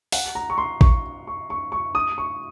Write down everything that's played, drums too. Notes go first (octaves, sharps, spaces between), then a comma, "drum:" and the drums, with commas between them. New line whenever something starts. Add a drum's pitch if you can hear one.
F#5, drum: open hi-hat
A#5
C#6
C6
C#6, drum: kick A1
C#6
C#6
C#6
D#6
C#6